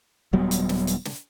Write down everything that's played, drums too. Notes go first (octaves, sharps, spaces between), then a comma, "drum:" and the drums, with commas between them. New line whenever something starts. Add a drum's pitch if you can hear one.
D#1 F#3 G3 B3
drum: hi-hat
drum: snare
drum: hi-hat
drum: snare